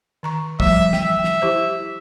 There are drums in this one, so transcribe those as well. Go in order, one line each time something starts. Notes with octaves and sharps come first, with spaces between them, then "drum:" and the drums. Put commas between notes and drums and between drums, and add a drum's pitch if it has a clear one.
D#3 A#5 C#6
F3 G3 A3 E5, drum: kick
E5 G5, drum: snare
drum: snare
E4 G4 C5